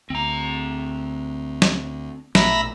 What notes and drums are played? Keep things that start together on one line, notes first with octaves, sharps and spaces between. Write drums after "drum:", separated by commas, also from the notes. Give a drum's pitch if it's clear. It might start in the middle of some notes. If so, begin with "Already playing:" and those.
D2 C4 A#5
drum: snare
A#1 B2 A3 E5 A#5 B5, drum: snare